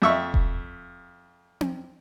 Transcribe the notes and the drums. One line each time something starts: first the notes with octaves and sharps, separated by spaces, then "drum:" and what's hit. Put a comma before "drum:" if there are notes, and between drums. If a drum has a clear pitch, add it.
F2 E5 C#6
drum: kick E1
drum: tom C4